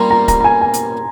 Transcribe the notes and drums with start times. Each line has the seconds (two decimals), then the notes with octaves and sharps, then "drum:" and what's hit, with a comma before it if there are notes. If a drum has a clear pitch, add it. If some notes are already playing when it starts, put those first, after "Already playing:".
Already playing: G3 A#3 C#4 F4 A#5 C6
0.10 A#5
0.28 A#5, drum: kick C#1, hi-hat
0.40 A#5
0.44 G#5
0.61 G#5
0.74 drum: hi-hat